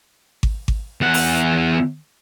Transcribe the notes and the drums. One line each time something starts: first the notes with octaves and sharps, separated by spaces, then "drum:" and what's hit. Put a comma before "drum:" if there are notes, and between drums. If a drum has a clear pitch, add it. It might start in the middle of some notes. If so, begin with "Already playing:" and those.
drum: kick G#1
drum: kick G#1
E2 F#5
drum: open hi-hat